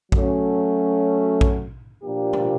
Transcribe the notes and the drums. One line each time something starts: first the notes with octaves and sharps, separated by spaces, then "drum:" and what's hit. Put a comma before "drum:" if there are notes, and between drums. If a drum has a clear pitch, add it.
F#3 A3 C#4, drum: kick A#1
drum: kick A#1
A#2 F3 A#3 D4 G4
drum: tom